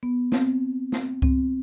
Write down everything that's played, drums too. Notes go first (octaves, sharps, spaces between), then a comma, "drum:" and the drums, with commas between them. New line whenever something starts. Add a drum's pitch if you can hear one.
B3
C4, drum: snare
C4, drum: snare
C4, drum: kick C2